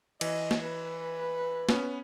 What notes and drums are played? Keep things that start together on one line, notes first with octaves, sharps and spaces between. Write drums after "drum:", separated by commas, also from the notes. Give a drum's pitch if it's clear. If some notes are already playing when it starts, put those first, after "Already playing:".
E3 D#5, drum: cymbal
drum: snare
B4
B3 C#4, drum: snare